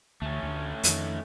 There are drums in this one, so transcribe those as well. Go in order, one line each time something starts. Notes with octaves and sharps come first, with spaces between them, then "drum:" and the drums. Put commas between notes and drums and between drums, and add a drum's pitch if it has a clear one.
D2 A3 C#4
D2
F2 D#3, drum: hi-hat